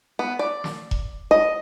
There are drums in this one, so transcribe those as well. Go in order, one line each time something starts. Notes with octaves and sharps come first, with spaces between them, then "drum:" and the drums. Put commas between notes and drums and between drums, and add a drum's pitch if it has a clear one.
B3
D5
drum: snare
drum: kick E1
D#5